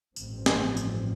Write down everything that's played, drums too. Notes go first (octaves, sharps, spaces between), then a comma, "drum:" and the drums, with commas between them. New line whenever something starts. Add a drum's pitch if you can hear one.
A1 G2 F3 C4, drum: tambourine
drum: snare
drum: tambourine